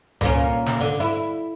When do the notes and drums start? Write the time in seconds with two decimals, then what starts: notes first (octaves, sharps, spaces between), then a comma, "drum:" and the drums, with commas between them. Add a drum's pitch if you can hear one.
0.21 A#2 A#3 C#4, drum: tom C#2
0.66 drum: snare
0.81 D3
1.00 E4